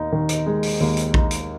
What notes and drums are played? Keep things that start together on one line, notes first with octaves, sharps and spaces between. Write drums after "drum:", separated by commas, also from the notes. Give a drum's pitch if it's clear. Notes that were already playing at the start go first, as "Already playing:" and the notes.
Already playing: D#2 D#4
D#3
drum: hi-hat
G#3
drum: open hi-hat
D#2
drum: hi-hat
D#4, drum: kick A#1
drum: hi-hat